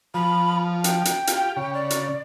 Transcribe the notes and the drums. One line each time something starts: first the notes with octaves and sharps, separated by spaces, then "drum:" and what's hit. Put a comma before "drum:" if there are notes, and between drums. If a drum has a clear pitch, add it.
F3 B5
G5, drum: hi-hat
drum: hi-hat
F4 G4, drum: hi-hat
C#3
D5
drum: hi-hat